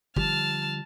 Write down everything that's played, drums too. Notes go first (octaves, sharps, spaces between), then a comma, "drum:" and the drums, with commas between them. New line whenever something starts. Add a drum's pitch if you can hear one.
D3 F3 G3 A5 F6, drum: kick